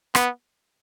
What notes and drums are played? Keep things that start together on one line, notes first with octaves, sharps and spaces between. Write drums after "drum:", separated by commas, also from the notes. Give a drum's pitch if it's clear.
B3, drum: rim click